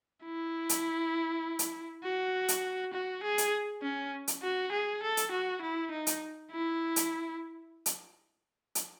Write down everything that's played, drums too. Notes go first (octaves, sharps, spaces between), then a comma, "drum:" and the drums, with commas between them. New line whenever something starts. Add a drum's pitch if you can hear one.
E4
drum: hi-hat
drum: hi-hat
F#4
drum: hi-hat
F#4
G#4
drum: hi-hat
C#4
drum: hi-hat
F#4
G#4
A4
drum: hi-hat
F#4
E4
D#4
drum: hi-hat
E4
drum: hi-hat
drum: hi-hat
drum: hi-hat